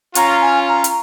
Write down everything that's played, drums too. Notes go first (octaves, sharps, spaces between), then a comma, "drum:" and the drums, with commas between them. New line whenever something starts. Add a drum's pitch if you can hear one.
C#4 F4 A#5, drum: hi-hat
G#5
A#5
drum: hi-hat